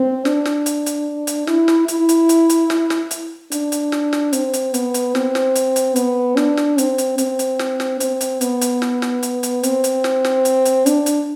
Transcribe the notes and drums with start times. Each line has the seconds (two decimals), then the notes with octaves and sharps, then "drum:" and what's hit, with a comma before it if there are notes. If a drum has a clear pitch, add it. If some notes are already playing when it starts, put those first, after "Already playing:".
Already playing: C4
0.25 D4, drum: snare
0.45 drum: snare
0.66 drum: hi-hat
0.86 drum: hi-hat
1.27 drum: hi-hat
1.47 E4, drum: snare
1.68 drum: snare
1.88 E4, drum: hi-hat
2.09 drum: hi-hat
2.29 drum: hi-hat
2.49 drum: hi-hat
2.70 drum: snare
2.90 drum: snare
3.11 drum: hi-hat
3.52 D4, drum: hi-hat
3.72 drum: hi-hat
3.92 drum: snare
4.13 drum: snare
4.33 C4, drum: hi-hat
4.53 drum: hi-hat
4.74 B3, drum: hi-hat
4.94 drum: hi-hat
5.15 C4, drum: snare
5.35 drum: snare
5.55 drum: hi-hat
5.76 drum: hi-hat
5.96 B3, drum: hi-hat
6.37 D4, drum: snare
6.57 drum: snare
6.78 C4, drum: hi-hat
6.98 drum: hi-hat
7.18 C4, drum: hi-hat
7.39 drum: hi-hat
7.59 drum: snare
7.80 drum: snare
8.00 C4, drum: hi-hat
8.21 drum: hi-hat
8.41 B3, drum: hi-hat
8.61 drum: hi-hat
8.82 drum: snare
9.02 drum: snare
9.23 drum: hi-hat
9.43 drum: hi-hat
9.63 C4, drum: hi-hat
9.84 drum: hi-hat
10.04 drum: snare
10.25 drum: snare
10.45 drum: hi-hat
10.65 drum: hi-hat
10.86 D4, drum: hi-hat
11.06 drum: hi-hat